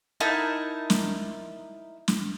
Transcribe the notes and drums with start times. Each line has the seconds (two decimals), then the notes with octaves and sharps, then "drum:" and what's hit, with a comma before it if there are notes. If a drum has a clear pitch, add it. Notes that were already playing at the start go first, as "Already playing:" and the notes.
0.20 D#4 E4 A#4 A5
0.90 drum: snare
2.08 drum: snare